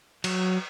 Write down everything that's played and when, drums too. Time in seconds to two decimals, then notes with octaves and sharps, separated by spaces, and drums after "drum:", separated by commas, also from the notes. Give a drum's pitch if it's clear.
0.24 F#3, drum: cymbal